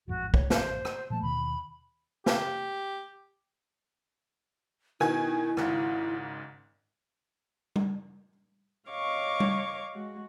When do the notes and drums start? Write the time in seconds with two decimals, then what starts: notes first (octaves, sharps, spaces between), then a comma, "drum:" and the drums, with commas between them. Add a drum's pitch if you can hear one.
0.08 A1 F2 G#2 F#4
0.34 C#5, drum: kick
0.50 C5, drum: snare
0.85 drum: rim click
1.10 A#2 F3 A3 A5
1.22 D#2 B2 D#3 B5
2.26 G4, drum: snare
5.00 B2 D#3 E4 G#5, drum: rim click
5.57 G#1 G#2 C#3, drum: rim click
7.76 drum: tom G3
8.89 C#5 D#5 F5 C#6 D6
9.40 drum: tom G3
9.93 G#3 F#4